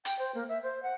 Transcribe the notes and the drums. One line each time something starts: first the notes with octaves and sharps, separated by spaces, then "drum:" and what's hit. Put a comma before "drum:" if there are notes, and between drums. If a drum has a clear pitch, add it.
G5, drum: hi-hat
C5
A#3
E5
C5
F#5